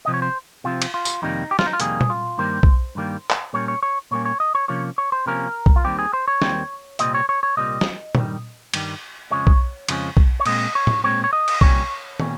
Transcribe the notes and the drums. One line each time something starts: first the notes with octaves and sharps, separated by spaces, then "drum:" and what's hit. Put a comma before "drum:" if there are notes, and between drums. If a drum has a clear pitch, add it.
C3 F3 C4 D#5
C#5
C5
C3 F3 C4 F4
drum: cymbal
F4
drum: tambourine
F2 C3 D#3 G3 A#3 D#4
G4
F4, drum: snare
D#4
F4
F2 C3 D#3 G3 A#3 G#4, drum: hi-hat
drum: tom A#2
F4
G2 D#3 G3 A#3 C5
drum: kick B1
G2 D#3 G3 A#3
drum: clap
A#2 G3 A#3 C#4 C#5
C#5
C#5
A#2 G3 A#3 C#4 C#5
C#5
D#5
C#5
C3 F3 A#3 C#4 C#5
C#5
C5
C3 F3 A#3 C#4 A#4
drum: kick B1
F4
D#2 D#3 G3 C4 G4
G#4
C5
C#5
D#2 D#3 G3 C4, drum: snare
C2 A#2 G3 C4 D#5, drum: hi-hat
C#5
C#5
C#5
C2 A#2 G3 C4 D#5
drum: snare
G2 D#3 G3, drum: tom A#2
G2 D#3 G3, drum: cymbal
F2 C#3 F3 G#3 C#4 C#5
drum: kick B1
F2 C#3 F3 G#3 C#4, drum: cymbal
drum: kick B1
C#5
A#2 G#3 C4 D#5, drum: cymbal
C#5
drum: tom A2
A#2 G#3 C4 C#5
C#5
D#5
drum: cymbal
C2 A#2 G3 C#4 C#5, drum: kick B1
A#2 G3 C#4, drum: tom